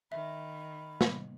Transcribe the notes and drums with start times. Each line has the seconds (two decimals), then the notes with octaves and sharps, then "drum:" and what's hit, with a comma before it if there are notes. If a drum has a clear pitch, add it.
0.12 D#3 E5 B5
1.01 drum: snare